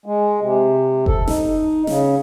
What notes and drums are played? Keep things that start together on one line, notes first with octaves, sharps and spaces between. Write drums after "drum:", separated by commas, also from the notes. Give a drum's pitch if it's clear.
G#3
C3
A4, drum: kick F#1
D#4, drum: snare
C#3, drum: snare